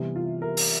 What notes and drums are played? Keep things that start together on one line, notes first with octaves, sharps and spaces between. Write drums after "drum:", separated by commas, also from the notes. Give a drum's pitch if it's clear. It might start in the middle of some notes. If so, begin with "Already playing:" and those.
Already playing: C3 E3 G3 B3
F4
A#4
drum: open hi-hat